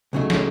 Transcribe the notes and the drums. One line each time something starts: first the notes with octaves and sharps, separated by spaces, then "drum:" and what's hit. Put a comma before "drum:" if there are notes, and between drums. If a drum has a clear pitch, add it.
C#2 C#3 F#3 A3 D#4
drum: snare